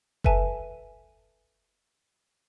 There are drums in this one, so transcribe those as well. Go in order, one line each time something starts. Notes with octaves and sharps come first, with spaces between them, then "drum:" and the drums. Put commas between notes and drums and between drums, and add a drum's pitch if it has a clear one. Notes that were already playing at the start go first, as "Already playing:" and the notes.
A4 B4 E5 G#5 A5, drum: kick F#1